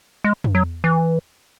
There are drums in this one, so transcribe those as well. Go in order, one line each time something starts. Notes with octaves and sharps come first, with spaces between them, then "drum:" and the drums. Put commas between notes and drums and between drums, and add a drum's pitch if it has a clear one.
G#3
drum: tom
F#3
E3